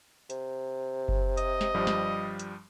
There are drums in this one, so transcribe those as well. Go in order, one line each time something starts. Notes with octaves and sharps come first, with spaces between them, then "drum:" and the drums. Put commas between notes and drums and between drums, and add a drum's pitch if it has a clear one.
C3, drum: hi-hat
drum: kick F#1
D#5, drum: hi-hat
drum: snare
G2 F3 G3
drum: snare
drum: hi-hat